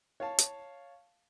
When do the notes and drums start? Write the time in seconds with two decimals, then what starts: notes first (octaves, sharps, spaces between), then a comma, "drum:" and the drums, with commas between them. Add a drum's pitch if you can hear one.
0.20 C#5 F5 A5
0.38 drum: hi-hat